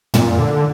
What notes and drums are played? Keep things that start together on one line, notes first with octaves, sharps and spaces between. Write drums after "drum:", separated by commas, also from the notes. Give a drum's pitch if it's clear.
A#2, drum: tom
D3